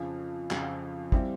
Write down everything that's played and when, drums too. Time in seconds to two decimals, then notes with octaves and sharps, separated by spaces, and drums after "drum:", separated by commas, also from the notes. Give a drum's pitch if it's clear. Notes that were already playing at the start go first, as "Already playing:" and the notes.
Already playing: F2 C#3 F3
0.51 F2 C#3 F3, drum: clap
1.12 G3 C4 E4 G4, drum: kick